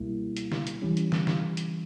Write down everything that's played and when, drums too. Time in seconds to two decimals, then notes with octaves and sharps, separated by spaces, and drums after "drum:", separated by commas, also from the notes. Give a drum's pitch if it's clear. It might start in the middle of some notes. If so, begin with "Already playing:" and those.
Already playing: C#2 B2 G3 A#3 E4
0.37 drum: hi-hat
0.52 drum: snare
0.67 drum: hi-hat
0.82 E3 G3 C#4
0.97 drum: hi-hat
1.12 drum: snare
1.27 drum: snare
1.57 drum: hi-hat